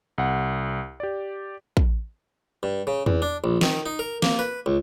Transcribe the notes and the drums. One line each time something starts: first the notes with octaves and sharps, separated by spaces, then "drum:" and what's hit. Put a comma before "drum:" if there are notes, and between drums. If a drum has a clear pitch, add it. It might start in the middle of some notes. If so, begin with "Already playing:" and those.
C2 F#5
G4 D5
drum: kick
G2
C#3
E2, drum: tom E2
D4
A#1
D#3, drum: snare
D#4
A#4
A#3, drum: snare
B4
C#2